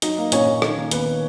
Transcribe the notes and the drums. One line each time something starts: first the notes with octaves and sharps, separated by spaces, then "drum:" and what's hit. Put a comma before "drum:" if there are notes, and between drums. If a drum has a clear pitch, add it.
F#3 D#4 D#5, drum: hi-hat
A#3
A#2 C#4 C#5, drum: hi-hat
A#2
D#3, drum: rim click
A#3
D#2 B3 B4, drum: hi-hat